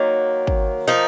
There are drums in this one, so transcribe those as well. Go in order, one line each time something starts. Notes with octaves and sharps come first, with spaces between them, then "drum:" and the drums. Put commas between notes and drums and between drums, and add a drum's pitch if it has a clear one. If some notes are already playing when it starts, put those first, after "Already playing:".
Already playing: D#3 F#3 A#3
drum: kick G#1
F3 A#3 D#4